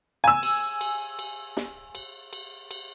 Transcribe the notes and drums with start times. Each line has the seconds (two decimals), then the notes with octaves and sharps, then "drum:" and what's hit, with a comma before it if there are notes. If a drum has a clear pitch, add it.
0.24 G#5 E6
0.43 drum: cymbal
0.81 drum: cymbal
1.19 drum: cymbal
1.57 drum: snare
1.95 drum: cymbal
2.33 drum: cymbal
2.71 drum: cymbal